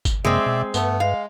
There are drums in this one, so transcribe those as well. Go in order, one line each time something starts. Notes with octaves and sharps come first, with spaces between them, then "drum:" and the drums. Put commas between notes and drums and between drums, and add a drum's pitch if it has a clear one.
drum: kick G1, tambourine
F#2 C3 G#3 A#3 C4 D5 E5
B2 G5
G2 A3 B3 B4, drum: tambourine
G#3 F5